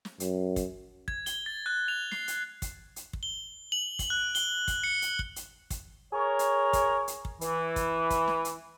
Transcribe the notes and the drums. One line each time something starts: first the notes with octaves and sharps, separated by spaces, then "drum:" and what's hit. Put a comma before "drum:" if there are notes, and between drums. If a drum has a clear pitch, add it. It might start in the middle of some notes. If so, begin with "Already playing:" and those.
drum: snare
F#2, drum: hi-hat
drum: kick, hi-hat
G#6, drum: kick
G7, drum: hi-hat
A6
F#6
F7
C7, drum: snare
drum: hi-hat
drum: kick, hi-hat
drum: hi-hat
drum: kick
G7
F#7
drum: kick, hi-hat
F#6
G7, drum: hi-hat
drum: kick, hi-hat
C#7
drum: hi-hat
drum: kick
drum: hi-hat
drum: kick, hi-hat
G#4 A#4 C#5
drum: hi-hat
drum: kick, hi-hat
drum: hi-hat
drum: kick
E3, drum: hi-hat
drum: kick, hi-hat
drum: kick, hi-hat
drum: snare
drum: hi-hat